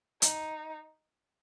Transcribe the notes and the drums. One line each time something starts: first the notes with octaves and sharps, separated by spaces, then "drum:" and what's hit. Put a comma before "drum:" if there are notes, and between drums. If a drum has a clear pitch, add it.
D#4, drum: hi-hat